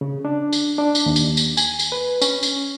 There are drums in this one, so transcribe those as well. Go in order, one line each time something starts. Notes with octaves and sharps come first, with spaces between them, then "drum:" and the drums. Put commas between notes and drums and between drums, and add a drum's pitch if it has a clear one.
C#3
D4
drum: tambourine
D4
drum: tambourine
D#2
drum: tambourine
drum: tambourine
G#5, drum: tambourine
drum: tambourine
B4
C#4, drum: tambourine
drum: tambourine